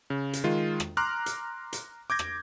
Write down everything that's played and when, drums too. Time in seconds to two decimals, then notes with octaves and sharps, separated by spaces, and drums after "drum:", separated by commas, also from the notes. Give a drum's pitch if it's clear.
0.10 C#3
0.33 drum: hi-hat
0.44 D#3 G#3 F4
0.80 drum: rim click
0.97 A#5 C6 D6 F6 F#6
1.26 drum: hi-hat
1.73 drum: hi-hat
2.10 D6 G6 G#6 A#6
2.19 drum: rim click